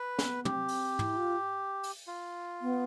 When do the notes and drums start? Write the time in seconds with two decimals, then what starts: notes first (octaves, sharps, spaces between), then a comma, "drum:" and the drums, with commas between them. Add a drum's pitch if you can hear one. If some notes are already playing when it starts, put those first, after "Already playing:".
Already playing: B4
0.19 B3, drum: snare
0.45 C4 G4, drum: tom
0.68 drum: open hi-hat
0.99 E4, drum: tom
1.17 F4
1.83 drum: open hi-hat
2.07 F4
2.61 B3